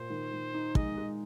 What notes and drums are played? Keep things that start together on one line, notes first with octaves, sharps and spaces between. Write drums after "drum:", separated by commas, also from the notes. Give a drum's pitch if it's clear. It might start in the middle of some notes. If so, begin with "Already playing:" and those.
Already playing: A#2 C5
D#3
D#3
D#4
G#3 D#5, drum: kick
G#3